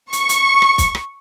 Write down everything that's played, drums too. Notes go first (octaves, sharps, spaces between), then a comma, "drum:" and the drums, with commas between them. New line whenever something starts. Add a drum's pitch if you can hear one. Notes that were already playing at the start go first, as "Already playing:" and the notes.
C#6, drum: hi-hat
drum: hi-hat
drum: rim click
drum: kick, hi-hat
drum: rim click